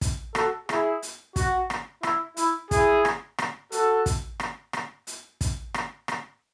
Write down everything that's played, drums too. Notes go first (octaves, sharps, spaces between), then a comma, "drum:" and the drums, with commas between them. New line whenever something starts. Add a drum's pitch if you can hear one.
drum: kick, hi-hat
F#4 A4, drum: rim click
E4 G#4, drum: rim click
drum: hi-hat
F#4, drum: kick, hi-hat
drum: rim click
E4, drum: rim click
E4, drum: hi-hat
E4 G#4, drum: kick, hi-hat
drum: rim click
drum: rim click
F#4 A4, drum: hi-hat
drum: kick, hi-hat
drum: rim click
drum: rim click
drum: hi-hat
drum: kick, hi-hat
drum: rim click
drum: rim click